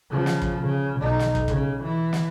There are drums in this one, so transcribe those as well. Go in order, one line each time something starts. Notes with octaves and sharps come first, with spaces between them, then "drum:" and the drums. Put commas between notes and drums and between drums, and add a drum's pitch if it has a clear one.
C#3 F3
drum: snare
drum: kick
C#3
B1 D#4
drum: snare
drum: kick
C#3, drum: kick
E3
drum: snare